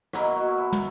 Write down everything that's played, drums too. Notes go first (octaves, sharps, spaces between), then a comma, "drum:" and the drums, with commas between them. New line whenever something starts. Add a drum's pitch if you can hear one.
B2 F#3 A#3 E4, drum: rim click
F#4
E4
drum: tom